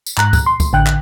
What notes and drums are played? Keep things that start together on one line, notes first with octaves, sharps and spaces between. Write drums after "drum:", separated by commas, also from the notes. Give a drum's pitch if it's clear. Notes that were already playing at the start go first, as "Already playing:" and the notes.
drum: tambourine
G#2 A#5 F#6, drum: clap
drum: kick, tambourine
C6
drum: kick, tambourine
A1 D3 G5 F#6
drum: clap